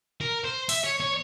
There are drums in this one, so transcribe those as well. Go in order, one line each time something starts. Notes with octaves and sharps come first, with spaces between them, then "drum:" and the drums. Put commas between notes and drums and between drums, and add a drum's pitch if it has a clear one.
A#4
C5
E5, drum: open hi-hat
C#5
C#5